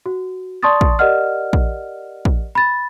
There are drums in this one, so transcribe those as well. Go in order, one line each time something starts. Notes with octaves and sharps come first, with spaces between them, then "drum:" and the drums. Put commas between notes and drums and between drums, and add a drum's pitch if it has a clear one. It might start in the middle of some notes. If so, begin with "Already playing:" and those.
F#4
D5 A5 C6 C#6 D#6 A6
drum: kick
G4 A#4 D5 D#5 F#5 F6
drum: kick
drum: kick
B5 A6